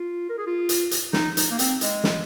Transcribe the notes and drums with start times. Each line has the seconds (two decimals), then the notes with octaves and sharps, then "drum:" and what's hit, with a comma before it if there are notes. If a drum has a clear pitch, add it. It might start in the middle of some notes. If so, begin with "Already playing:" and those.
Already playing: F4
0.29 A#4
0.38 G#4
0.46 F4
0.69 drum: hi-hat
0.91 drum: hi-hat
1.13 D#4, drum: snare
1.37 D#4, drum: hi-hat
1.51 A#3
1.59 C4, drum: hi-hat
1.81 G#3, drum: hi-hat
2.04 drum: snare